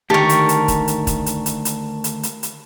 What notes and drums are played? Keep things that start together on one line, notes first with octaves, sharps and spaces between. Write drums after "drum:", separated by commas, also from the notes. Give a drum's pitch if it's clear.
D2 D#3 G4 A#4 A5 C#6
drum: hi-hat
drum: hi-hat
drum: kick, hi-hat
drum: hi-hat
drum: kick, hi-hat
drum: hi-hat
drum: hi-hat
drum: hi-hat
drum: hi-hat
drum: hi-hat
drum: hi-hat